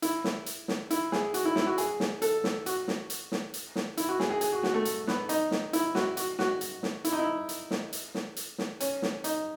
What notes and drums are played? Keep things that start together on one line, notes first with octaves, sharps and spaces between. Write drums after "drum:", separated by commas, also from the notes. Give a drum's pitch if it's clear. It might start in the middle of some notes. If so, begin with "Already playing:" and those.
E4, drum: hi-hat
drum: snare
drum: hi-hat
drum: snare
E4, drum: hi-hat
G#4, drum: snare
F#4, drum: hi-hat
E4
E4, drum: snare
F#4
G#4, drum: hi-hat
drum: snare
A4, drum: hi-hat
drum: snare
F#4, drum: hi-hat
drum: snare
drum: hi-hat
drum: snare
drum: hi-hat
drum: snare
E4, drum: hi-hat
F#4
G#4, drum: snare
G#4
G#4, drum: hi-hat
F#4
F#4, drum: snare
A3
drum: hi-hat
B3, drum: snare
D#4, drum: hi-hat
drum: snare
E4, drum: hi-hat
F#4, drum: snare
F#4, drum: hi-hat
F#4, drum: snare
drum: hi-hat
drum: snare
E4, drum: hi-hat
D#4
E4
drum: hi-hat
drum: snare
drum: hi-hat
drum: snare
drum: hi-hat
drum: snare
C#4, drum: hi-hat
drum: snare
D#4, drum: hi-hat